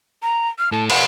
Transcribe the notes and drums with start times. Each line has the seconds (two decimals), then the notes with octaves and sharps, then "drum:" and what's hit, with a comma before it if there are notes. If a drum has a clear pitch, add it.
0.23 A#5
0.59 F6
0.72 A2 A4 A5
0.90 F5 F#5 B5, drum: cymbal